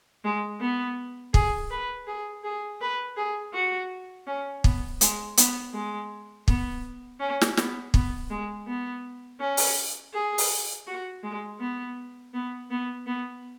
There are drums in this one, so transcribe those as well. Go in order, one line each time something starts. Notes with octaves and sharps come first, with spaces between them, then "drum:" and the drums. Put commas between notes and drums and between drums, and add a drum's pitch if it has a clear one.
G#3
B3
G#4, drum: kick
B4
G#4
G#4
B4
G#4
F#4
C#4
B3, drum: kick
G#3, drum: hi-hat
B3, drum: hi-hat
G#3
B3, drum: kick
C#4
drum: snare
B3, drum: snare
B3, drum: kick
G#3
B3
C#4
drum: open hi-hat
G#4
drum: open hi-hat
F#4
G#3
B3
B3
B3
B3